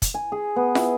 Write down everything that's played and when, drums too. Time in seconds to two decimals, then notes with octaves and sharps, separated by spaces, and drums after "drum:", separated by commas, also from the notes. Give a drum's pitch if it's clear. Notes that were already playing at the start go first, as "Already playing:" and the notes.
0.02 drum: kick, hi-hat
0.14 G#5
0.32 G#4
0.56 B3
0.75 E4, drum: snare